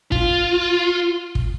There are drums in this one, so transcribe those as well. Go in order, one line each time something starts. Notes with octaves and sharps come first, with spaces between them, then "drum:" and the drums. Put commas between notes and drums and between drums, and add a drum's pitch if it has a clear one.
F4, drum: kick
drum: kick